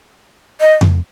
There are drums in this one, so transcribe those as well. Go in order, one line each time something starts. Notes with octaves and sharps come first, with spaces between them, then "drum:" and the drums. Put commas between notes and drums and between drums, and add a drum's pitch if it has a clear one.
D#5
drum: tom F2